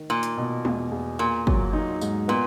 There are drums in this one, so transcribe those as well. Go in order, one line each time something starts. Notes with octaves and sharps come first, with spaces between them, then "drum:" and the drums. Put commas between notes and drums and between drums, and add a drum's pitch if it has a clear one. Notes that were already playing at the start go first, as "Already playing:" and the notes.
Already playing: D#3
A#2 A#3
drum: hi-hat
B2
E2, drum: tom G#3
E2
A#2 A#3
F#3, drum: kick
D#4
G#2, drum: tambourine
A#2 B3